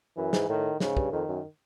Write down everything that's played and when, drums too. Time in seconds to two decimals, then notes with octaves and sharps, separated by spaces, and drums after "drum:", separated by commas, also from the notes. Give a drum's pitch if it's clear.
0.17 F#2 E3
0.33 G#2, drum: snare
0.49 A2 D#3
0.80 G#2 C#3, drum: snare
0.97 G2, drum: kick
1.12 F2 D#3
1.28 F#2